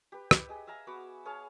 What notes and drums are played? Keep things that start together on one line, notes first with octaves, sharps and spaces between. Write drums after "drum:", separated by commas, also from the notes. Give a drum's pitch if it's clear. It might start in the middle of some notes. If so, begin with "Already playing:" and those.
G4 B4
B4, drum: rim click
G#4 D#5
E5 F5 G#5 A#5
B3 F#4 B5 D6
G#4 C#5 F5 A5